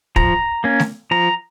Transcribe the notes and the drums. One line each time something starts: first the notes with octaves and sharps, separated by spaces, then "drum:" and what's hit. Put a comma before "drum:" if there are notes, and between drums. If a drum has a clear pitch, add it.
F3 A#5, drum: kick
A#3 C#4
drum: snare A3
F3 A#5